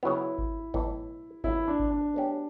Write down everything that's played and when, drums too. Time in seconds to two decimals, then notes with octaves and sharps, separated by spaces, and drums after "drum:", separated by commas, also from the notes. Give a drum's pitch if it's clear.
0.03 C#3 F#3 B3 E4
0.38 drum: kick G#1
0.74 B1 A2 E3, drum: kick G#1
1.44 F#2 C#3 E3 B3 E4, drum: kick G#1
1.68 D4
1.79 drum: kick G#1
1.91 D4
2.14 B1 B2 A3 C#4 G4